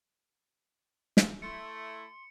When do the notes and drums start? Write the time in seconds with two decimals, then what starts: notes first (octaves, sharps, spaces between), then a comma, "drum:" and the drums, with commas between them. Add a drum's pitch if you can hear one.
1.17 drum: snare
1.42 A3 E4 C6 C#7